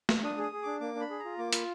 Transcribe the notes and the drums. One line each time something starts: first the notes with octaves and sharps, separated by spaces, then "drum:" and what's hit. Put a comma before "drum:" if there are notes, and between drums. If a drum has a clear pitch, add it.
drum: snare A3
D4 D#6
G#4
D#6
G#4
D4 D6
A#3 D6
D4
B5
G#4
A#5
F4
A#3 D6
F4 B5, drum: hi-hat